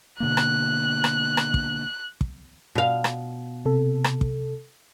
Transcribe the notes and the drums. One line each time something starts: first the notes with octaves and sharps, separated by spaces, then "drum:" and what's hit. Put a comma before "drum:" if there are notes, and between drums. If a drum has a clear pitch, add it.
B2 D3 A#3 F#6
drum: rim click
drum: rim click
drum: rim click
drum: kick
drum: kick
B2 F5
drum: rim click
C3 A4
drum: rim click
drum: kick